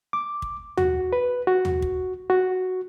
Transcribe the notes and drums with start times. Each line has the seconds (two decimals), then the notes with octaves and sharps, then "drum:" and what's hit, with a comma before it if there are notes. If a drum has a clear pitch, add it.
0.13 D6
0.42 drum: kick
0.78 F#4, drum: tom
1.13 B4
1.47 F#4
1.65 drum: tom
1.82 drum: kick
2.30 F#4